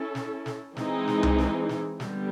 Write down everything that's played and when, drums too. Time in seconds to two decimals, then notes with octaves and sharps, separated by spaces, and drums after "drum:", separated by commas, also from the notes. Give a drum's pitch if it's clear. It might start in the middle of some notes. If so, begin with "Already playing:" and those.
Already playing: C#4 E4 A4
0.15 drum: snare
0.46 drum: snare
0.77 E3 G#3 C4 D#4 G#4, drum: snare
1.07 drum: snare
1.23 drum: tom C2
1.38 drum: snare
1.69 drum: snare
2.00 D3 G3 B3, drum: snare